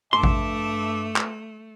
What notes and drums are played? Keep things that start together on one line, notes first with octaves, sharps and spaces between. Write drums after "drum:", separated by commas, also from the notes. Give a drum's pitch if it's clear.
G2 A3 E5 A5 C6 D6
drum: kick A1
drum: clap